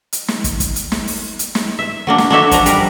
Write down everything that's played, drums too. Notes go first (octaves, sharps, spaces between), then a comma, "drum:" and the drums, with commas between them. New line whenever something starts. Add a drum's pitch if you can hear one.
drum: hi-hat
drum: snare
drum: kick, hi-hat
drum: kick, hi-hat
drum: hi-hat
drum: snare
drum: open hi-hat
drum: hi-hat
drum: snare
E5
F#3 A#3 D4
drum: snare
D4 D#4 F#4 A4 C#5 E5
F3 D4 A#5, drum: kick, hi-hat
G3 A#4, drum: hi-hat